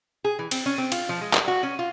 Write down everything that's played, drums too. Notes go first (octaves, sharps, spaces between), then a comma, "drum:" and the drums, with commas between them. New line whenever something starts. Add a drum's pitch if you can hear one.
G#4
E3
C4, drum: cymbal
C#4
C4
F4, drum: cymbal
F3
G#3
G3, drum: clap
F#4
C#4
F4